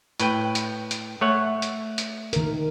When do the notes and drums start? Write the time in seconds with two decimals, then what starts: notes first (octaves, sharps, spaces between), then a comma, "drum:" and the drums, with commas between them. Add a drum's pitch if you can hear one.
0.20 A2 B4 G5, drum: hi-hat
0.55 drum: hi-hat
0.91 drum: hi-hat
1.21 A3 C#5 F#5
1.62 drum: hi-hat
1.98 drum: hi-hat
2.33 D#3 A#4, drum: hi-hat